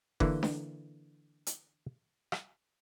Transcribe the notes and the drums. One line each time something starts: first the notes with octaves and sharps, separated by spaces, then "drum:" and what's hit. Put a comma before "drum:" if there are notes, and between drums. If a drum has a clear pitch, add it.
D3 E3 A#3, drum: kick F#1
drum: snare D4
drum: hi-hat
drum: rim click